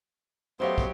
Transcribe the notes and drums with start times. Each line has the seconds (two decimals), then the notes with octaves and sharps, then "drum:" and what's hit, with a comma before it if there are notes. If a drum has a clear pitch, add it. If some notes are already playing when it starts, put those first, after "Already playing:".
0.60 F#3 A3 B3 G4 C5 D#5 F5 C6
0.78 drum: kick